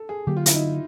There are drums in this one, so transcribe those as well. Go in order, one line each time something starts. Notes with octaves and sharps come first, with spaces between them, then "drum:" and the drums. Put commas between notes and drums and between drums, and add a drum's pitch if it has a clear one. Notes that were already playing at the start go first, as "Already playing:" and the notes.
Already playing: A4
G#4
D3 F#3 A#3 G4
F4
E4, drum: hi-hat
D#4